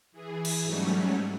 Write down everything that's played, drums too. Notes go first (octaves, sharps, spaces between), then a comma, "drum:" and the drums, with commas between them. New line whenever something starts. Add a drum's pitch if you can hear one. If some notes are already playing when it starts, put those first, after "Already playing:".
E3 G#4
drum: cymbal
G#2 F#3 G3 A3 C#4